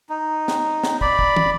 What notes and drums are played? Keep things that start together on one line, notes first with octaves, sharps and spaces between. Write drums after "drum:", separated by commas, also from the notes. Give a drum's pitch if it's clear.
D#4
drum: snare
drum: snare
D5 B5, drum: kick
drum: kick
drum: tom